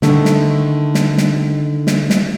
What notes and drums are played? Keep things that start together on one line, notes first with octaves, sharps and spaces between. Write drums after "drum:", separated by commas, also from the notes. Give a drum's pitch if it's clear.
D3 D#3 A3, drum: snare
drum: snare
drum: snare
drum: snare
drum: snare
drum: snare